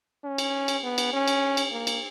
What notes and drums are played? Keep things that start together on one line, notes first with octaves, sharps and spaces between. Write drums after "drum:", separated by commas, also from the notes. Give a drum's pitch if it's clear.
C#4
drum: cymbal
drum: cymbal
B3
drum: cymbal
C#4
drum: cymbal
drum: cymbal
A#3
drum: cymbal